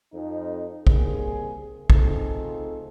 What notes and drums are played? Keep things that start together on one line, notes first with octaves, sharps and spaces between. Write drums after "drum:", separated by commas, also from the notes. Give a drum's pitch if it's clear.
F2 D#4
G3 A#3 C4 G#4, drum: kick
A3 C4 D#4 F4 G#4 A4, drum: kick